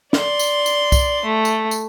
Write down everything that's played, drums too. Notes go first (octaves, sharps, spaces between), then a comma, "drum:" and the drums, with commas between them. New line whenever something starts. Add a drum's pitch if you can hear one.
D5 C6, drum: snare
drum: tambourine
drum: tambourine
drum: kick C2, tambourine
A3
drum: tambourine
drum: tambourine